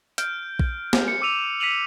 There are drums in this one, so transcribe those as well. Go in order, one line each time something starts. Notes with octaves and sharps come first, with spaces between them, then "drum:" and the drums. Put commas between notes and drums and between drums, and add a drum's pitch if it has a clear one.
F6 G6 D7, drum: hi-hat
drum: kick
drum: snare
C#7
D6 E6 D#7 F7
B6 C#7 D#7 F7 F#7